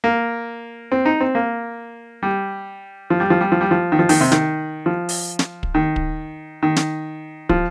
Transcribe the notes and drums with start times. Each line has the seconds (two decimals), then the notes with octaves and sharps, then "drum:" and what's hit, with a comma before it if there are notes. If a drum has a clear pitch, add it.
0.04 A#3
0.92 C4
1.05 D#4
1.20 C4
1.35 A#3
2.23 G3
3.10 F3
3.20 G3
3.30 F3
3.41 G3
3.52 F3
3.61 G3
3.71 F3
3.92 D#3
3.99 F3
4.09 D#3, drum: open hi-hat
4.21 C3
4.32 D#3, drum: snare
4.86 F3
5.09 drum: open hi-hat
5.39 drum: snare
5.63 drum: kick
5.74 D#3
5.96 drum: kick
6.63 D#3
6.76 drum: snare
7.49 F3, drum: kick